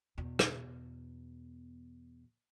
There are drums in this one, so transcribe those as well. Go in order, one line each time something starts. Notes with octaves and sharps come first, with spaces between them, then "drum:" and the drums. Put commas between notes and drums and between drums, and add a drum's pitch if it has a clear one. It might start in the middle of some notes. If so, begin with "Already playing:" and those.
E2 B2
drum: rim click